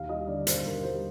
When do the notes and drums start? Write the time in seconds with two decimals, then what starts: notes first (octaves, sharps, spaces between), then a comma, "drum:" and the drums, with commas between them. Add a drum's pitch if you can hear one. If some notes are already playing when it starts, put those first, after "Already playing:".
Already playing: D#2 F5
0.09 G3 D#5
0.28 D3 D5
0.47 D#2 C5, drum: hi-hat
0.65 D#2 A#4
0.83 G3 C5